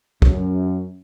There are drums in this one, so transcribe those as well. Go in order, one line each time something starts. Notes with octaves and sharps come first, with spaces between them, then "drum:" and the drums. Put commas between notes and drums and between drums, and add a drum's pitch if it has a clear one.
F#2, drum: kick